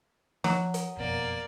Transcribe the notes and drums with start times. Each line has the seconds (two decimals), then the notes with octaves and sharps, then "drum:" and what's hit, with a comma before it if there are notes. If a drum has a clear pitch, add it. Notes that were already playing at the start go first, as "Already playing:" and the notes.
0.44 F3 F#3, drum: snare
0.74 drum: hi-hat
0.97 F#1 F2 B2 A#3 D5